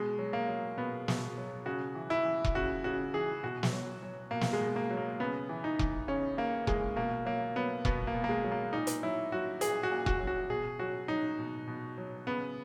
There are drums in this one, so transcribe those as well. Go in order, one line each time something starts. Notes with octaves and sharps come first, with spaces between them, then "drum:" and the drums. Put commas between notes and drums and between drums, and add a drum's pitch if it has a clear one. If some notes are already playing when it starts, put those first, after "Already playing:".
Already playing: B2 G#3
F#3
A#3
F#3
B2 B3
B2, drum: snare
F#3
C#3 F#4
E3
E4
E3
drum: kick E1
C#3 F#4
C#3 F#4
E3 G#4
B2 F#4
drum: snare
F#3
F#3
B2 A#3
drum: snare
G#3
B2
A#3
F#3
A#3
C#3 B3
E3
D#4
E3, drum: kick E1
C#3 C#4
C#3 A#3
E3 G#3, drum: kick E1
B2 A#3
F#3 A#3
F#3 B3
B2 B3, drum: kick E1
A#3
B2
A#3
G#3
F#3
A#3
A#2 D#4
drum: hi-hat
F#3 E4
F#3 F#4
A#2 G#4, drum: hi-hat
F#4
A#2
F#4, drum: kick E1
F#3
F#4
B2 G#4
F#3 F#4
F#3 D#4
B2
B2
F#3
C#3 B3